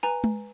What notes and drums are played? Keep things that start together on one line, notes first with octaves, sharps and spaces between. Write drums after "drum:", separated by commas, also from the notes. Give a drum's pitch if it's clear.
B4 G#5 A#5
drum: tom G#3